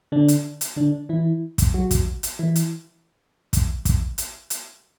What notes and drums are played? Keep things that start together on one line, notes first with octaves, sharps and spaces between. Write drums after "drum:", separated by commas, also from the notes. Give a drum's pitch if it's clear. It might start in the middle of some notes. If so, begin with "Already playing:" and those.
D3 D4
drum: hi-hat
drum: hi-hat
D3 D4
E3 E4
drum: kick, hi-hat
F#3 F#4
drum: kick, hi-hat
drum: hi-hat
E3 E4
drum: hi-hat
drum: kick, hi-hat
drum: kick, hi-hat
drum: hi-hat
drum: hi-hat